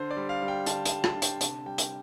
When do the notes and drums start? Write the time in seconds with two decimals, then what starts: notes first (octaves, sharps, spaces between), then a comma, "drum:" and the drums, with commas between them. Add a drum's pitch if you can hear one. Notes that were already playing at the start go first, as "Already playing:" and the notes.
Already playing: D3 C5
0.11 D5
0.17 G3
0.29 F5
0.42 G3
0.48 G5
0.66 D3 A5, drum: hi-hat
0.86 A5, drum: hi-hat
0.91 G3
1.04 A5, drum: rim click
1.16 D3
1.22 G5, drum: hi-hat
1.41 C3 A5, drum: hi-hat
1.66 G3 G5
1.78 drum: hi-hat